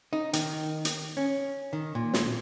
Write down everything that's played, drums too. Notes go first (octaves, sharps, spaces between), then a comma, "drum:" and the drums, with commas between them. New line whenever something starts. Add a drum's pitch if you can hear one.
D#4
D#3, drum: hi-hat
drum: hi-hat
C#4
D#3
A#2
drum: snare